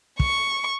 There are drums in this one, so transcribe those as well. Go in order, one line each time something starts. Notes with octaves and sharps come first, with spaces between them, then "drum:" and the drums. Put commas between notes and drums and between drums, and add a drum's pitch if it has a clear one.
C#6, drum: kick